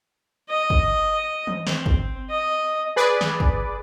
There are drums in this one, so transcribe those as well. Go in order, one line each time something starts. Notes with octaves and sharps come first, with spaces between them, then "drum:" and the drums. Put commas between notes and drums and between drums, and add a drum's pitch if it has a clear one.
D#5
drum: kick
drum: tom E3
C4, drum: snare
drum: kick
D#5
G#4 B4 D5
drum: snare
drum: kick